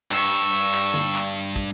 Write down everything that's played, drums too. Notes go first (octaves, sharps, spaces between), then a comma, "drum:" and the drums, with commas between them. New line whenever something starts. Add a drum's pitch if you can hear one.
G2 C#6 E6, drum: clap
drum: clap
drum: tom D3
drum: clap
drum: kick